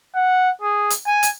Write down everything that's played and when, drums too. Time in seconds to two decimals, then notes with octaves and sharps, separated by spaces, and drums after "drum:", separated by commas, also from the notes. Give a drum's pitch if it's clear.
0.15 F#5
0.61 G#4
0.90 drum: hi-hat
1.07 G#5
1.23 drum: hi-hat